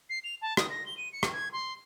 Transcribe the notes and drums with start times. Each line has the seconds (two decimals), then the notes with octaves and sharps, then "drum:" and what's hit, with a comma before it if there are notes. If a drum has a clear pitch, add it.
0.09 C7
0.24 F7
0.41 A5
0.57 D#6, drum: rim click
0.69 A#6
0.86 G7
0.97 D#7
1.12 C#7
1.23 drum: rim click
1.33 G#6
1.52 C6